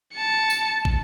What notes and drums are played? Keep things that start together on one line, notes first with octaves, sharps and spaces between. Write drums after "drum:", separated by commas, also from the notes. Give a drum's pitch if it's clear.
A5 C#7
drum: tambourine
drum: kick